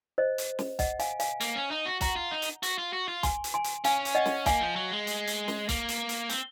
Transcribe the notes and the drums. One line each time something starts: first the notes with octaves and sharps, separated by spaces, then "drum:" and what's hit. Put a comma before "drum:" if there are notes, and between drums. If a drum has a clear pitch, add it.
C5 D#5
drum: hi-hat
drum: snare
D#5 F#5, drum: kick B1, hi-hat
F5 G#5, drum: hi-hat
F5 G#5, drum: hi-hat
A#3, drum: hi-hat
C#4
D#4
F#4
F#4 F#5 A#5, drum: kick B1, hi-hat
F4
D#4
drum: hi-hat
F#4, drum: hi-hat
F4
F#4
F4
G#5 C6, drum: kick B1, hi-hat
drum: hi-hat
G#5 C6
drum: hi-hat
C#4 F5 G#5, drum: hi-hat
drum: hi-hat
D#5 F#5
drum: snare
A#3 F5 G#5, drum: kick B1, hi-hat
F3
F#3
G#3
drum: hi-hat
drum: hi-hat
drum: snare
A#3, drum: kick B1, hi-hat
drum: hi-hat
drum: hi-hat
C4, drum: hi-hat